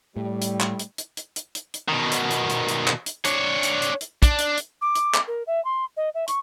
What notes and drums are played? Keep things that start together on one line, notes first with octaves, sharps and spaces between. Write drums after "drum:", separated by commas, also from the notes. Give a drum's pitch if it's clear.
A2 G3
drum: hi-hat
drum: clap
drum: hi-hat
drum: hi-hat
drum: hi-hat
drum: hi-hat
drum: hi-hat
drum: hi-hat
B2 D#3
drum: hi-hat
drum: hi-hat
drum: hi-hat
drum: hi-hat
drum: clap
drum: hi-hat
D4 C#5, drum: hi-hat
drum: hi-hat
drum: hi-hat
drum: hi-hat
D4, drum: kick, hi-hat
drum: hi-hat
drum: hi-hat
D6
drum: hi-hat
drum: clap
A#4
E5
C6
D#5
E5
C#6, drum: hi-hat